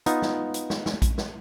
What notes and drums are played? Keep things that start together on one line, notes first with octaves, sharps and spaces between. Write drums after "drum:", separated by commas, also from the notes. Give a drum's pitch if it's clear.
B3 D#4 F4, drum: hi-hat
drum: snare
drum: hi-hat
drum: snare
drum: snare
drum: kick A#1, hi-hat
drum: snare